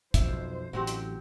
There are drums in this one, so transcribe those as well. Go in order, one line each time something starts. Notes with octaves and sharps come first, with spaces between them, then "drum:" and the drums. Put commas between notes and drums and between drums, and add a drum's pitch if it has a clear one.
B1 F2 C5 E5, drum: kick, hi-hat
A1 F#3 C4 G4
drum: hi-hat